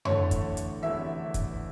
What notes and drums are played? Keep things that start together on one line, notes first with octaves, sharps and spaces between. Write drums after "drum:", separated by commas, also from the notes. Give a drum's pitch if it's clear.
E2 D3 A3 E4 A4 C#5, drum: tom F2
drum: kick, hi-hat
drum: hi-hat
E2 D3 A3 E4 A4 E5
drum: kick, hi-hat